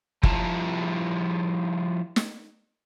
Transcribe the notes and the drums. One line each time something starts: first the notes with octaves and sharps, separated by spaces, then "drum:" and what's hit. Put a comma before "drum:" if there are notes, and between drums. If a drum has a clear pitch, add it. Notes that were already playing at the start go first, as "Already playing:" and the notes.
F3 G3 E4 F4 A5 A#5, drum: kick F#1
drum: snare